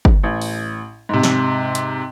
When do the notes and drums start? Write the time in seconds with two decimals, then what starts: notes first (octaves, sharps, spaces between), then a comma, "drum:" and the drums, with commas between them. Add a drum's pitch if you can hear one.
0.05 drum: kick G1
0.23 A1
0.42 drum: open hi-hat
1.09 G#2 C3
1.23 drum: snare
1.75 drum: hi-hat